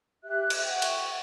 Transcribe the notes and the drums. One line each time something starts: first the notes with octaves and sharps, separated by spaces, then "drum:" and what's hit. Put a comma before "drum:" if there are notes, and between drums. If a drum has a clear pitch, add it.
G4 E5 F#6
drum: cymbal
E5 F#5 G5 C#6
drum: cymbal